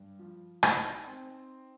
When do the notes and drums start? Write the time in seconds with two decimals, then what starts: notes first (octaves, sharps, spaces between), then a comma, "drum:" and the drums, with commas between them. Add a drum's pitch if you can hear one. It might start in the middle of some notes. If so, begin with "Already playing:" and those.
Already playing: G2
0.19 F3
0.63 D#4, drum: rim click
1.07 C4